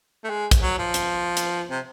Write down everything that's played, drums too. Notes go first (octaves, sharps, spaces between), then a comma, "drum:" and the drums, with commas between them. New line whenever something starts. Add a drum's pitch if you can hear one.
A3
G#3
drum: kick, hi-hat
F#3
F3
drum: hi-hat
drum: hi-hat
C3